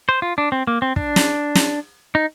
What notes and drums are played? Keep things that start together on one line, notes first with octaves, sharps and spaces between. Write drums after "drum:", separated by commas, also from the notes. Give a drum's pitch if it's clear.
C5
F4
D4
C4
A#3
C4
D4, drum: kick
drum: snare
drum: snare
D#4